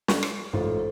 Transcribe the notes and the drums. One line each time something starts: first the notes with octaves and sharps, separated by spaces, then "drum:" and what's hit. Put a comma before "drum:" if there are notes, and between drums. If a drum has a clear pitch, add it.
C#6, drum: snare
drum: rim click
A1 G#2 F4 A4 C5